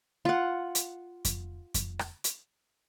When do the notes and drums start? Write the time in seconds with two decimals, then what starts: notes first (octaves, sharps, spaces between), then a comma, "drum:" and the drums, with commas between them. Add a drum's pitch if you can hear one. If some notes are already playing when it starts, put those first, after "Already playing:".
0.25 F4 F#5
0.75 drum: hi-hat
1.25 drum: kick F2, hi-hat
1.74 drum: kick F2, hi-hat
1.99 drum: rim click
2.24 drum: hi-hat